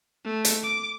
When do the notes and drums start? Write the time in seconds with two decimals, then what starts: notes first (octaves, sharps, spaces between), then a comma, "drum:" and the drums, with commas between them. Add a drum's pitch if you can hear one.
0.25 A3
0.45 drum: hi-hat
0.63 D6